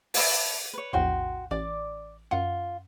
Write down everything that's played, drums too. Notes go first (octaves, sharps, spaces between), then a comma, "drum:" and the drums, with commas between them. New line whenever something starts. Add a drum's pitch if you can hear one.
B4 E5 A5, drum: open hi-hat
B4 C#5
A#1 E2 A2 F#4 G5 C6
A1 D5 D6
F#2 F4 F#5